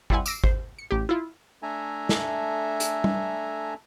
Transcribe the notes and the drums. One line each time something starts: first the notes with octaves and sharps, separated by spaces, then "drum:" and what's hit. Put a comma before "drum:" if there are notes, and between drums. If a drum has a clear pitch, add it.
G3 C4 E4 F#5 G#5, drum: kick G#1
D6 E6 A#6 C7 D7, drum: tambourine
C5, drum: kick G#1
C#7
A1 G4
E4 F4
A3 D4 A4 E5 G#5 A#5
drum: snare
drum: hi-hat
drum: tom